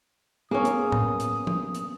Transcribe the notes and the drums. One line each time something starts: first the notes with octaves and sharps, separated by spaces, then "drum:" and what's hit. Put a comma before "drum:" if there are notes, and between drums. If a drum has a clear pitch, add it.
A#3 B3 C#4 G#4 A#4 D#6
drum: hi-hat
drum: tom A2
drum: hi-hat
drum: tom
drum: hi-hat